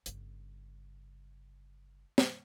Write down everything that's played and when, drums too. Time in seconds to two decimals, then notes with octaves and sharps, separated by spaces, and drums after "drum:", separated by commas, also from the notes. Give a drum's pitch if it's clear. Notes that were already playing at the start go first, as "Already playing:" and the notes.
0.06 G1 C#3, drum: hi-hat
2.18 drum: snare